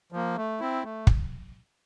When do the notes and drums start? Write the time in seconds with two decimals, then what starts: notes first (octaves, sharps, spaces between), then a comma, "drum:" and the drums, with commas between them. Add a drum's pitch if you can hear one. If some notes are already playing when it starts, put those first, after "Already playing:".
0.12 F3 A#3
0.37 A3
0.60 C4 E4
0.84 A3
1.07 drum: kick